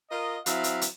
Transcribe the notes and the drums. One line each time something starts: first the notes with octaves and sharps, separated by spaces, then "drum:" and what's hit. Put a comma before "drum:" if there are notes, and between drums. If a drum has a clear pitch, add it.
F4 A#4 D#5
F#3 C4 E4 E5 F5, drum: hi-hat
drum: hi-hat
drum: hi-hat